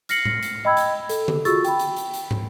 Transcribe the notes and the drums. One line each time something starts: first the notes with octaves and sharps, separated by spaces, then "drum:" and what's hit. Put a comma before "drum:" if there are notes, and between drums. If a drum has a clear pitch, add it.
F6 A#6 C7 C#7 F#7, drum: hi-hat
drum: tom A2
drum: hi-hat
D#5 G5 B5 E6 G#6
drum: hi-hat
A4, drum: hi-hat
drum: tom D3
F4 F#4 G#4 C#6 E6 A6, drum: hi-hat
G5 B5, drum: hi-hat
drum: hi-hat
drum: hi-hat
drum: hi-hat
drum: tom